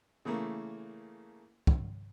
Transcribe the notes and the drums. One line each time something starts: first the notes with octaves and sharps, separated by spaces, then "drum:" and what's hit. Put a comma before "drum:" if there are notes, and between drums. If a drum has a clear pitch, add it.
C#3 E3 A3 A#3
drum: kick